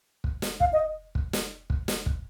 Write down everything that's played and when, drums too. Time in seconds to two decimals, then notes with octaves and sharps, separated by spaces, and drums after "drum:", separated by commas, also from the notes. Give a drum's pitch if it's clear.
0.24 drum: kick
0.42 drum: snare
0.60 F5, drum: kick
0.73 D#5
1.15 drum: kick
1.33 drum: snare
1.70 drum: kick
1.88 drum: snare
2.06 drum: kick